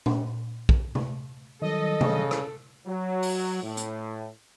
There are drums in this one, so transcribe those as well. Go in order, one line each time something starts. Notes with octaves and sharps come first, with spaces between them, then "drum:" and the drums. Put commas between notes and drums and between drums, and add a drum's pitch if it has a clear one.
drum: tom
drum: kick
drum: tom C3
D#3 F#3 G3 A4 D#5
C#3, drum: tom C3
drum: rim click
F#3
drum: open hi-hat
A2
drum: hi-hat